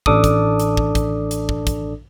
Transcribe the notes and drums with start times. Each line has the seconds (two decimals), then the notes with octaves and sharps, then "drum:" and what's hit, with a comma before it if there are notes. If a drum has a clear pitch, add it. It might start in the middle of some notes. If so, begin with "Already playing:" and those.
0.06 A1 D4 A4 D6 D#6, drum: kick
0.24 drum: kick, hi-hat
0.60 drum: hi-hat
0.77 drum: kick
0.95 drum: kick, hi-hat
1.31 drum: hi-hat
1.49 drum: kick
1.67 drum: kick, hi-hat